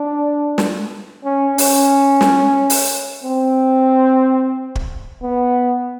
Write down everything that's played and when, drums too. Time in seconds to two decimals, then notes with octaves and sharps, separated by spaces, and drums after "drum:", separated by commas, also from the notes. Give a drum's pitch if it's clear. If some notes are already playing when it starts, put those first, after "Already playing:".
Already playing: D4
0.58 drum: snare
1.24 C#4
1.58 C#4, drum: open hi-hat
2.21 drum: snare
2.70 drum: open hi-hat
3.23 C4
4.75 drum: kick
5.22 B3